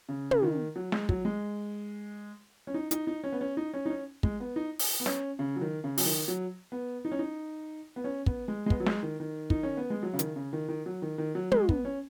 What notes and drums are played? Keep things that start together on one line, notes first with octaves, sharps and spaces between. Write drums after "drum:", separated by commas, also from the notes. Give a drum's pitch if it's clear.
C#3
C#3, drum: tom
D#3
F#3
G#3, drum: snare
F#3, drum: kick
G#3
C#4
D#4
D#4, drum: hi-hat
D#4
C#4
B3
C#4
D#4
C#4
D#4
C#4
G#3, drum: kick
B3
D#4
drum: open hi-hat
B3
C#4, drum: snare
C#3
F#3
D#3
C#3
F#3, drum: open hi-hat
D#3
F#3
B3
D#4
C#4
D#4
B3
C#4
B3, drum: kick
G#3
G#3
B3, drum: kick
F#3
G#3, drum: snare
D#3
D#3
D#4, drum: kick
C#4
B3
G#3
F#3
C#3
D#3, drum: hi-hat
C#3
D#3
D#3
F#3
D#3
D#3
F#3
G#3, drum: tom
B3, drum: kick
C#4